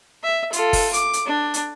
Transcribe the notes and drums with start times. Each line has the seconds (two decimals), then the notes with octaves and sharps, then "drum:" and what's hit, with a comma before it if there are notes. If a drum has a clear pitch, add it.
0.23 E5
0.53 F4 A4, drum: hi-hat
0.73 drum: kick, open hi-hat
0.94 D6, drum: hi-hat
1.13 drum: hi-hat
1.26 D4
1.54 drum: hi-hat